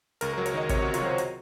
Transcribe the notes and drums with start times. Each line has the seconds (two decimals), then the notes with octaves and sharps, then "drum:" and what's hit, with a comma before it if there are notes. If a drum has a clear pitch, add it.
0.21 C#2 A#4, drum: hi-hat
0.33 A#4
0.38 F#3
0.46 C#5, drum: hi-hat
0.54 D#3 D#5
0.69 C3 C#5, drum: kick, hi-hat
0.82 F#4
0.87 C#2
0.94 F4, drum: hi-hat
1.02 F#3 C5
1.18 drum: hi-hat